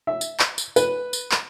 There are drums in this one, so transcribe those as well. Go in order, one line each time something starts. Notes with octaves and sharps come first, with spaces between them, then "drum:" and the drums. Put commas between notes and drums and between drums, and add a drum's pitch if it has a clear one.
E5
drum: tambourine
drum: clap
drum: tambourine
B4, drum: tambourine
drum: tambourine
drum: clap